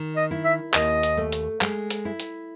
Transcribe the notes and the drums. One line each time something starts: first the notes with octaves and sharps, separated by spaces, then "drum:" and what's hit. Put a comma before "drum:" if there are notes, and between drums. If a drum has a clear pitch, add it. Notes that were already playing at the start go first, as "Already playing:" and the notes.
Already playing: D#3
D#5
E4
E5
D#2 D#5, drum: clap
drum: hi-hat
A3
drum: hi-hat
G#3, drum: clap
drum: hi-hat
E4
drum: hi-hat